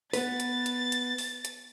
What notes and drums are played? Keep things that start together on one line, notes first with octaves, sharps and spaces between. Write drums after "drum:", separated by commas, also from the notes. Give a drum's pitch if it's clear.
B3 B4 A6, drum: open hi-hat
drum: hi-hat
drum: hi-hat
drum: hi-hat
drum: open hi-hat
drum: hi-hat